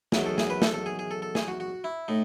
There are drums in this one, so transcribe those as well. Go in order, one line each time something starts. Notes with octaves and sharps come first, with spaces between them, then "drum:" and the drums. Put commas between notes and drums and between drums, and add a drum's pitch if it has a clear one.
E2 D#3 F#3, drum: snare
A4
G#4, drum: snare
B4
A4, drum: snare
A4
G#4
G#4
A4
A4
G#4, drum: snare
F#4
F#4
E4
A2 D#4